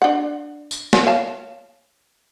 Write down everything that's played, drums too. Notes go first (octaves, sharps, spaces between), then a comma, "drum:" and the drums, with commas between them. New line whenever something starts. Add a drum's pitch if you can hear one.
D4 F#5
drum: tambourine
drum: snare
C#5 F5 A5